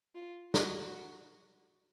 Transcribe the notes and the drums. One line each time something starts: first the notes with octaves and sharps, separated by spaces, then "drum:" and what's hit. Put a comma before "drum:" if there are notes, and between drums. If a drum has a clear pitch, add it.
F4
F#4, drum: snare